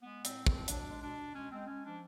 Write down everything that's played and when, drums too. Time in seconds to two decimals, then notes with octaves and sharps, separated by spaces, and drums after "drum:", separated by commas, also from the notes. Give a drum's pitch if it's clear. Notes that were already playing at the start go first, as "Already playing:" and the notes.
0.02 G#3 B3
0.19 A2
0.25 C4, drum: hi-hat
0.35 G#3
0.47 C4, drum: kick
0.52 F3
0.68 B2 D4, drum: hi-hat
0.85 G#3
1.01 B2 D4
1.18 B2
1.34 G#3 C#4
1.51 G#3 C4
1.67 G#3 C#4
1.84 F3 D4